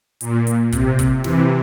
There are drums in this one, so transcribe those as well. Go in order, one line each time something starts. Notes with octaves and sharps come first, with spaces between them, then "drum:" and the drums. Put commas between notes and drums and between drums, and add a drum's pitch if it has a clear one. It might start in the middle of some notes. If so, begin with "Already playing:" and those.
A#2, drum: hi-hat
drum: hi-hat
C3, drum: kick, hi-hat
drum: kick, hi-hat
C3 E3, drum: snare